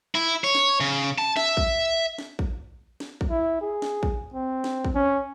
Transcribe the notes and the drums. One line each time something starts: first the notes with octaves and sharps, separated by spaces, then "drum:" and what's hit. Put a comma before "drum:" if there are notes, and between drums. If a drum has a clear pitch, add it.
E4
C#5
drum: snare
C#3
A5
E5, drum: snare
drum: kick
drum: snare
drum: kick
drum: snare
drum: kick
E4
G#4
drum: snare
drum: kick
C4
drum: snare
drum: kick
C#4